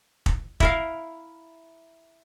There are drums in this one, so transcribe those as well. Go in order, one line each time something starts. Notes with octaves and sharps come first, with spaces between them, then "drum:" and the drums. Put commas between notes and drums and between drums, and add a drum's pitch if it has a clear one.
drum: kick
E4 A#4 F5, drum: kick